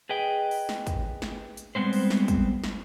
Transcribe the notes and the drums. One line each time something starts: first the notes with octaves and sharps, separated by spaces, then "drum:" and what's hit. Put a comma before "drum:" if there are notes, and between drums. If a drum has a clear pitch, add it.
G#4 B4 D#5 G5
drum: open hi-hat
drum: snare
drum: kick, hi-hat
drum: snare
drum: hi-hat
G3 G#3 B3 C4 C5
drum: open hi-hat
drum: snare
drum: kick, hi-hat
drum: snare